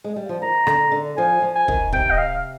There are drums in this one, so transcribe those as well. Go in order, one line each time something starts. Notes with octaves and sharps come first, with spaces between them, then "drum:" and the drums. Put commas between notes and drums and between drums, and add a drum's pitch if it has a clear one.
G#3
G3
F3
D#3 A#5
D3, drum: rim click
D3
F3 G#5
F3
G#5
D#3, drum: kick
C3 G5, drum: kick
D#5
F5